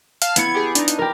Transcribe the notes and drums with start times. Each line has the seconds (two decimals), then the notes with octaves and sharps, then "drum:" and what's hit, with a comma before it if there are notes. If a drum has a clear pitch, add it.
0.22 F5 A5 F6, drum: hi-hat
0.36 B3 E4 G#6 C#7, drum: hi-hat
0.55 G4 G#4
0.75 D4 D#4, drum: hi-hat
0.88 drum: hi-hat
0.99 G4 A#4